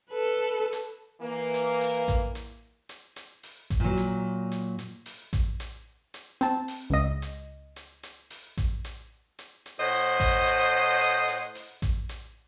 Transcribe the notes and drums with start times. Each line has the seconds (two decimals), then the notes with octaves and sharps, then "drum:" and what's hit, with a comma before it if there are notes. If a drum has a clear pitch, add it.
0.10 A4 B4
0.73 drum: hi-hat
1.22 E3 A#3
1.54 drum: hi-hat
1.81 drum: open hi-hat
2.08 drum: kick A1, hi-hat
2.35 drum: hi-hat
2.89 drum: hi-hat
3.16 drum: hi-hat
3.43 drum: open hi-hat
3.70 drum: kick A1, hi-hat
3.80 A#2 F#3
3.97 drum: hi-hat
4.52 drum: hi-hat
4.79 drum: hi-hat
5.06 drum: open hi-hat
5.33 drum: kick A1, hi-hat
5.60 drum: hi-hat
6.14 drum: hi-hat
6.41 C4 A5, drum: hi-hat
6.68 drum: open hi-hat
6.90 C#2 D#5
7.22 drum: hi-hat
7.76 drum: hi-hat
8.03 drum: hi-hat
8.30 drum: open hi-hat
8.57 drum: kick A1, hi-hat
8.85 drum: hi-hat
9.39 drum: hi-hat
9.66 drum: hi-hat
9.80 A2 C5 D#5 F#5
9.93 drum: open hi-hat
10.20 drum: kick A1, hi-hat
10.47 drum: hi-hat
11.01 drum: hi-hat
11.28 drum: hi-hat
11.55 drum: open hi-hat
11.82 drum: kick A1, hi-hat
12.09 drum: hi-hat